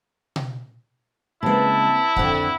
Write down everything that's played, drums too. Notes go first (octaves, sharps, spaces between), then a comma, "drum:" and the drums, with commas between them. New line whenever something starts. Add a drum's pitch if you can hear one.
drum: tom B2
C#3 G#3 A#3 C4 E4 B4 A5
F2 D3 F#5 G5 F#6, drum: kick